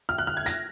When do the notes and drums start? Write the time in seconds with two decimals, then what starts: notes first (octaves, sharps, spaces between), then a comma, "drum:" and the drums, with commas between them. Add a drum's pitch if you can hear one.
0.09 F6
0.18 F#6
0.27 F6
0.37 G#6
0.46 A#6, drum: hi-hat